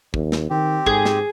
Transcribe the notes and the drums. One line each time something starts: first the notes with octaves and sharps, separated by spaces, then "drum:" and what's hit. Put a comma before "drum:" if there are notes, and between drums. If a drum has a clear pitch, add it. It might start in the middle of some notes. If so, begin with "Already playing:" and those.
D#2, drum: kick
drum: snare
D#3 C4 G4
G#2 G#4, drum: kick
drum: snare